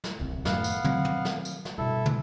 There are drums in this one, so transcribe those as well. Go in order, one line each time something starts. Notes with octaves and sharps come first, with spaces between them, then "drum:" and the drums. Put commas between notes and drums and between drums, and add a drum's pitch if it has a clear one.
drum: snare
D1 C2
F#2 A2 D#3 B3 F5 F#5, drum: snare
drum: tambourine
D#3 F#3 C4, drum: tom
drum: tom
drum: snare
drum: tambourine
drum: snare
G2 B2 E4 A4
drum: tom